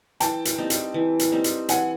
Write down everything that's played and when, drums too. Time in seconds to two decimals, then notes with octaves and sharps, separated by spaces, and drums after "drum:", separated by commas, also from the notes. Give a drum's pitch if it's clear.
0.20 E3 G5 A5, drum: hi-hat
0.45 drum: hi-hat
0.58 G3 C4 D#4
0.70 drum: hi-hat
0.94 E3
1.19 drum: hi-hat
1.32 G3 C4 D#4
1.44 drum: hi-hat
1.69 E3 F#5 G#5, drum: hi-hat